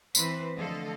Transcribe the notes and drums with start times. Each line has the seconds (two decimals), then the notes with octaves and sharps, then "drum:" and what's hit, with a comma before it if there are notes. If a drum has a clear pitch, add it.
0.15 E3 C4 B4 C5, drum: tambourine
0.56 D3 F3 A3 A4 D#5 F5